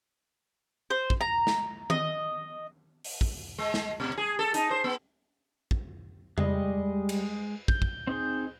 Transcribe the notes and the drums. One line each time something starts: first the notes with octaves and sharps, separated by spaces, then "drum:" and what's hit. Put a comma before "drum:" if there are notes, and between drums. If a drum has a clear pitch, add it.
C5
drum: kick
A#5
drum: snare
D#5, drum: tom D#3
drum: open hi-hat
drum: kick
G#3
drum: snare
B2
G#4
A4
D#4, drum: hi-hat
C5
B3
drum: kick
G3 G#3 D#5, drum: tom
drum: cymbal
G6, drum: kick
drum: kick
C4 D#4 G#4